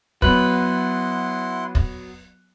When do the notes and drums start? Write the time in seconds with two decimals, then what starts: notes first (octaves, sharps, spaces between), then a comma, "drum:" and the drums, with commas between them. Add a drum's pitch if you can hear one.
0.22 F#3 B3 E4 B4 F#5 C6 F#6, drum: kick
1.75 drum: kick